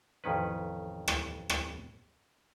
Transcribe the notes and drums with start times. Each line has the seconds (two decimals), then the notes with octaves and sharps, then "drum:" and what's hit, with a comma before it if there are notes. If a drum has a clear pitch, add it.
0.24 A1 F2 D#3 C#4 B4
1.08 drum: rim click
1.50 drum: rim click